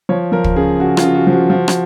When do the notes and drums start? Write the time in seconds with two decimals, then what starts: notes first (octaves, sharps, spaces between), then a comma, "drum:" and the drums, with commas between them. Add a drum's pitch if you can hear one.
0.09 F3 C#5
0.32 F3 A#4
0.44 drum: kick
0.56 C#3 G#4
0.80 C#3 F#4
0.97 F4, drum: rim click
1.04 C#3
1.14 F#4
1.27 F3
1.33 F#4
1.50 F3
1.68 drum: rim click